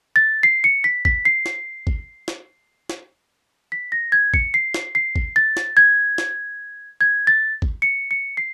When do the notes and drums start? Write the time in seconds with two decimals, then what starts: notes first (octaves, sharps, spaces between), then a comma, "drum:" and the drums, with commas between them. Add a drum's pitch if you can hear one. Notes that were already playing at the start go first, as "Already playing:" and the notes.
0.16 A6
0.43 C7
0.64 C#7
0.84 B6
1.05 B6, drum: kick
1.25 C7
1.46 drum: snare
1.87 drum: kick
2.28 drum: snare
2.90 drum: snare
3.72 B6
3.92 A#6
4.12 G#6
4.34 C#7, drum: kick
4.54 C7
4.74 drum: snare
4.95 C7
5.16 drum: kick
5.36 A6
5.57 drum: snare
5.77 G#6
6.18 drum: snare
7.01 G#6
7.27 A6
7.62 drum: kick
7.82 C#7
8.11 C#7
8.37 C7